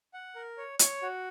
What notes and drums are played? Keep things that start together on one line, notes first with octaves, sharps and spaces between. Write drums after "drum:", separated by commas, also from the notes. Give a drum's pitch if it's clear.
F#5
A#4
C#5
C#5, drum: hi-hat
F#4